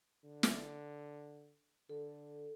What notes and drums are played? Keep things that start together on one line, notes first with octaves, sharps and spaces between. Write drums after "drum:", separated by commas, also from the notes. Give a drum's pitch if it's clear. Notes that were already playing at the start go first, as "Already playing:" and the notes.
D3
drum: snare
D3 A4